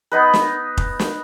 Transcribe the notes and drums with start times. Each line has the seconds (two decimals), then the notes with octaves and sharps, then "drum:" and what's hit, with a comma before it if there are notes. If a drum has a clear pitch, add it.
0.12 B3 D#4 B4
0.34 drum: snare
0.77 drum: kick F1
0.99 drum: snare